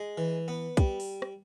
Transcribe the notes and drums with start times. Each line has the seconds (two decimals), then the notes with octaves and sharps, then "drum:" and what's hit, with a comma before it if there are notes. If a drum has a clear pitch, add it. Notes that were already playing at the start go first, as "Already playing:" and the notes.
Already playing: G#3
0.18 E3
0.48 B3
0.77 G3, drum: kick, hi-hat
1.00 drum: open hi-hat
1.22 drum: rim click